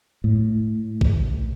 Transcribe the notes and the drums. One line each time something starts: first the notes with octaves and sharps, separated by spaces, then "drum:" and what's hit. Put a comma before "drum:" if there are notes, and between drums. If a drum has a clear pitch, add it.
A2
drum: kick A#1